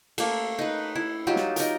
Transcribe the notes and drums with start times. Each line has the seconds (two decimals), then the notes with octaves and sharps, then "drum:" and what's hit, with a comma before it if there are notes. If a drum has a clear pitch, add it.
0.18 A3 A#3, drum: cymbal
0.59 D#4 B4
0.95 E4
1.27 F#3 D#4 F4 G4
1.36 drum: snare
1.56 D#4 A#4, drum: hi-hat